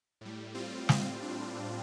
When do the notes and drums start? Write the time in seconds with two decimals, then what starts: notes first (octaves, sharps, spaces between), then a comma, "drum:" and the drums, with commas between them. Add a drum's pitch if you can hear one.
0.21 A2 G3
0.55 C4 F4
0.89 C4 F4, drum: snare
1.22 D4